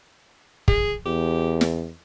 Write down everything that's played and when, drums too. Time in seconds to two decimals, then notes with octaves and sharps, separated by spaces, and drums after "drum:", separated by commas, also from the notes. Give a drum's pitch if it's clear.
0.68 G#4, drum: kick
1.06 E2 G4
1.61 drum: snare